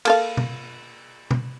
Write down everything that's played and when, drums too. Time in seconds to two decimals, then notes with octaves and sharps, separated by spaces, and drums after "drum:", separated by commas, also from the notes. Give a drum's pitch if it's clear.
0.05 A#3 A4 F5, drum: cymbal
0.37 drum: tom B2
1.31 drum: tom B2